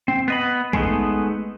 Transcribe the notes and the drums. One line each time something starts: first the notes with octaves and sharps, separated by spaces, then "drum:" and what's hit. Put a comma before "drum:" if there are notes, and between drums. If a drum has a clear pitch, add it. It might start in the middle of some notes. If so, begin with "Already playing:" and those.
C4
B3 D#5 B5
G#3 A3 B3 D#4, drum: kick